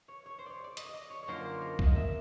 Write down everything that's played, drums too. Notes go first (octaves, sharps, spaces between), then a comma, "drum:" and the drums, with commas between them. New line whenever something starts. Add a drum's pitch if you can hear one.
C#5
C#5
C5
C#5 D5
D5
D#5, drum: hi-hat
D5
D#5
C#5
C#5
F#2 D3 F3 A#3 D#4 C5
C5
A#4
D#5, drum: kick B1
D#5
E5